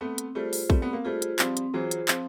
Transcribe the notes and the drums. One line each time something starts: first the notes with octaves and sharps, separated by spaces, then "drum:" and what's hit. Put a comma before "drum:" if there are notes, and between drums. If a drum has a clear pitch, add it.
A3 B3 C4
drum: hi-hat
G3 A3 F4 G#4 C5
drum: open hi-hat
G3 A3 C4, drum: kick
B3
A#3
G3 A3 F4 G#4 C5
drum: hi-hat
F3 G3 C4, drum: clap
drum: hi-hat
E3 F#3 F4 G#4 C5
drum: hi-hat
F3 C4, drum: clap